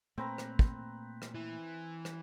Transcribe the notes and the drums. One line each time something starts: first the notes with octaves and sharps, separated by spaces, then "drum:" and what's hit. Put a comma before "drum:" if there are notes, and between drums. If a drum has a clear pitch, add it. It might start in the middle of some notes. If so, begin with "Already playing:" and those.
A#2 A3 A#3 C4 B4 A#5
drum: rim click
drum: kick
drum: rim click
E3
drum: rim click